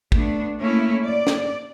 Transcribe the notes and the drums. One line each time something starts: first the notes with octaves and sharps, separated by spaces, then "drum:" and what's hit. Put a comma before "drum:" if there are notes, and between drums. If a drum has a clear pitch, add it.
A3 B3 D4, drum: kick
A3 A#3 C#4 E4
D5
drum: snare